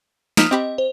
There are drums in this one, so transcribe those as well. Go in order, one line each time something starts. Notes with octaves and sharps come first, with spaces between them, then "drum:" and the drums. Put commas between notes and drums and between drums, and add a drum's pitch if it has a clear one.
F3 A#3 D#4 D#6 F6 B6, drum: snare
C4 G4 D#5 B5
C5